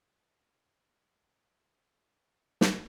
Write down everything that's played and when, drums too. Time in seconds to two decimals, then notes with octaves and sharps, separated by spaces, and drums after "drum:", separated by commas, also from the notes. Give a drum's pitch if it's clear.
0.11 A2 E3
2.61 drum: snare